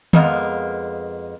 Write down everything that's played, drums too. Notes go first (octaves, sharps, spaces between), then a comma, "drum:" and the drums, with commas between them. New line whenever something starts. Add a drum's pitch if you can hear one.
F2 G#3 A#3 B3, drum: tom D#3